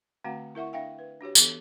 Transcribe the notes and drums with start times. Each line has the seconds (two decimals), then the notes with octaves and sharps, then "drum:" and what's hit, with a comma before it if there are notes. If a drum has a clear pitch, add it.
0.24 D3 A3 C4 F#4 F5 F#5
0.55 E4 A#4 E5 F#5 C#6
0.73 D4 E5 F5 G5
0.99 B4
1.21 D4 F#4 G4 C#5
1.35 E3 B3 A4, drum: tambourine